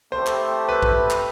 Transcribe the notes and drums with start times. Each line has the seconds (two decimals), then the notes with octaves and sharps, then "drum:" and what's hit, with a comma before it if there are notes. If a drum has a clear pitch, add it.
0.12 A3 C4 E4 G4 C5
0.27 drum: clap
0.69 B4
0.82 drum: kick
1.10 drum: clap